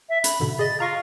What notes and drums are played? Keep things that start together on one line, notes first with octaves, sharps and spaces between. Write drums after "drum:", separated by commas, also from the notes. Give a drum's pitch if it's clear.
E5
B5, drum: hi-hat
G#2 B2 D3
G#4 D#5 A6
F4 A#5 C#6 A#6